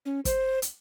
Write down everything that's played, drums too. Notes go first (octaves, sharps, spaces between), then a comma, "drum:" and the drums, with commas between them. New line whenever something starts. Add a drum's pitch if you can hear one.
C#4
C5, drum: kick, hi-hat
drum: hi-hat